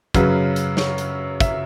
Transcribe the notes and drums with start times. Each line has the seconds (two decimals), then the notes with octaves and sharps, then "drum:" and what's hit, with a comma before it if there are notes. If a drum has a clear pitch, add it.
0.14 F#2 C#3 F#3 B4, drum: kick, hi-hat
0.56 drum: hi-hat
0.77 C#5, drum: snare
0.98 drum: hi-hat
1.40 E5, drum: kick, hi-hat